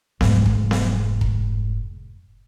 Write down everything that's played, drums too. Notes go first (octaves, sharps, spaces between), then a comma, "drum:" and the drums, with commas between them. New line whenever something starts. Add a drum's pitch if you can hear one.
F1 G#2, drum: snare B3
drum: kick
drum: snare B3
drum: kick